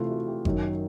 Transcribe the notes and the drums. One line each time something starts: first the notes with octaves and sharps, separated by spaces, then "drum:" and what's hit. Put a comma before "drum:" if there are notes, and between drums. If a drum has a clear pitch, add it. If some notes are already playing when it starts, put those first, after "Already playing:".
Already playing: C3 E3 A3 F4
F#4
G4
F#2 D#3 F#3, drum: kick G1